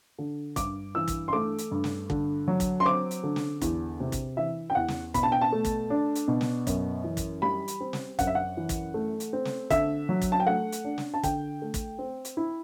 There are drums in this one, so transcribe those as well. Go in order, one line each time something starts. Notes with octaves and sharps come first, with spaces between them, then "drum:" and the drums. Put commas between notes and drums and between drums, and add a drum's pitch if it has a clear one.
D3
G2 D6, drum: kick, hi-hat
E3 E6
drum: kick, hi-hat
C6
A3 D6
drum: hi-hat
G2
drum: snare
D3, drum: kick
F#3
drum: kick, hi-hat
C6
C4 D6
drum: hi-hat
D3
drum: snare
E2, drum: kick, hi-hat
C3
drum: kick, hi-hat
E3 E5
G5
E2 F#5
drum: snare
B2 B5, drum: kick, hi-hat
A5
G5
A5
A3
drum: kick, hi-hat
D4
drum: hi-hat
B2
drum: snare
F#2, drum: kick, hi-hat
E3
drum: kick, hi-hat
G3 B5
drum: hi-hat
C4
drum: snare
F#2 F#5, drum: kick, hi-hat
E5
F#5
E3
drum: kick, hi-hat
A3
drum: hi-hat
C4
drum: snare
D3 E5, drum: kick, hi-hat
F#3
drum: kick, hi-hat
A5
G5
A3 F#5
drum: hi-hat
D4
drum: snare
A5
D3 G5, drum: kick, hi-hat
A3
drum: kick, hi-hat
C4
drum: hi-hat
E4